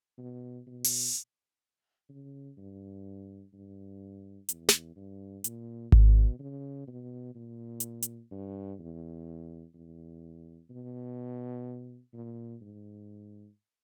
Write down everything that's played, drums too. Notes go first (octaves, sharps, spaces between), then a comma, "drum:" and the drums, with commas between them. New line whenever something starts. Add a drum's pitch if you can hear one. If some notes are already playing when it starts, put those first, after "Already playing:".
B2
B2
drum: open hi-hat
C#3
G2
G2
E2, drum: hi-hat
drum: snare
G2
A#2, drum: hi-hat
B2, drum: kick G#1
C#3
B2
A#2
drum: hi-hat
drum: hi-hat
G2
E2
E2
B2
A#2
G#2